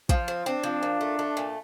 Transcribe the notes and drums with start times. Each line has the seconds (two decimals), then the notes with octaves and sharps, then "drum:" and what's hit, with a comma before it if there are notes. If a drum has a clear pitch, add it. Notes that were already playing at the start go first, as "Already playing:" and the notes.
0.09 F3 F4, drum: kick, hi-hat
0.28 C4
0.46 C4 D4
0.64 F3
0.83 A#2
1.01 A3
1.19 A3
1.37 A#2